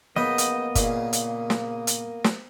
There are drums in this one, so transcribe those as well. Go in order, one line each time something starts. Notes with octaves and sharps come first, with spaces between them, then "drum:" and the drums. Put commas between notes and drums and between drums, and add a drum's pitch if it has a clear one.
C#3 A#3 B3 D#5 G5
drum: hi-hat
A#2 C#3, drum: kick, hi-hat
drum: hi-hat
drum: snare
drum: hi-hat
drum: snare